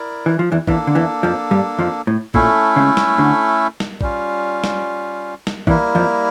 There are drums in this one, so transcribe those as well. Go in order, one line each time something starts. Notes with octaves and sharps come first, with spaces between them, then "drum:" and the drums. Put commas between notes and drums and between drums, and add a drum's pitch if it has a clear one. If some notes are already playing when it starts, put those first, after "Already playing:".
Already playing: E4 A#4 D5
E3
F3
E2 E3
E2 E3 A#3 D4 A4, drum: kick
D3
E2 E3
F2 F3
G2 G3
F2 F3
A2
A#2 A3 C#4 E4 A4, drum: kick
C#2 C#3
drum: snare
D2 D3
drum: snare
G3 C#4 F4, drum: kick
drum: snare
drum: snare
E2 E3 G3 A#3 E4 A#4, drum: kick
F2 F3